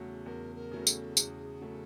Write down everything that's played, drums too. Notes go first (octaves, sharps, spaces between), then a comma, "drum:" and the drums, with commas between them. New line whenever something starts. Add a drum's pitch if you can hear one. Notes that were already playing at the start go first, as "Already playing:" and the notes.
Already playing: E2 C#3 F#3 A3
E2 A#4
A#4
C#3 F#3 A3
A4, drum: tambourine
E2 G#4, drum: tambourine
C#3 F#3 A3 A4